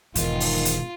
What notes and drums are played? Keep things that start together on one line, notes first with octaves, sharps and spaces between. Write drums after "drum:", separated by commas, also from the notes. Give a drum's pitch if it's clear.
E1 B1 G#2 D#3 E3 F4, drum: hi-hat
drum: open hi-hat
drum: hi-hat